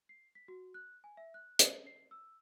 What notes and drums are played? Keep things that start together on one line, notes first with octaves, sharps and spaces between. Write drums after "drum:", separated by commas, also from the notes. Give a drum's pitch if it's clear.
C7
B6
F#4
F#6
G#5
E5
F#6
drum: hi-hat
C7
E6